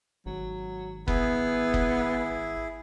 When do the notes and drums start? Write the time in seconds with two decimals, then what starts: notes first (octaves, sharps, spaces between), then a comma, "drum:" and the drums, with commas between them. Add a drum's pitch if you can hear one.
0.26 G#1 F#3
1.08 B3 E4 G#4, drum: kick
1.74 drum: kick